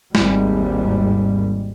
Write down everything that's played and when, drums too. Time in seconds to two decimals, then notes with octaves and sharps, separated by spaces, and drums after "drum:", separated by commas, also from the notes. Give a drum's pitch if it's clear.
0.15 G#1 D#2 G#2 G3, drum: snare